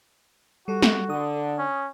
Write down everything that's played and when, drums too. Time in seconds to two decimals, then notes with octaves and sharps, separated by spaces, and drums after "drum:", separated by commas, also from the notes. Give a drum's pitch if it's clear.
0.68 G3 F#4 A4
0.82 drum: snare
1.10 D3 D#6
1.58 C#4